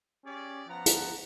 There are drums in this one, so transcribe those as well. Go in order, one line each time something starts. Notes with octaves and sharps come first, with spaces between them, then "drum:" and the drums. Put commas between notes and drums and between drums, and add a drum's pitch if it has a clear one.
C#4 G4 G#4 D5
F3 B3 F#5 A#5
drum: hi-hat